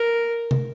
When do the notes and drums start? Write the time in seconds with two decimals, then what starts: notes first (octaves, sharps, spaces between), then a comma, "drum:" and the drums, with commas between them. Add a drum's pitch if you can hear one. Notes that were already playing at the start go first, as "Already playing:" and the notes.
Already playing: A#4
0.51 drum: tom C3